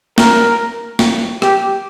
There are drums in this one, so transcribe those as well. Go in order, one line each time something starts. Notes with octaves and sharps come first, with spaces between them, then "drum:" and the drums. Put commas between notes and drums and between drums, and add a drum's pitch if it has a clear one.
A#4, drum: snare
drum: snare
G4, drum: rim click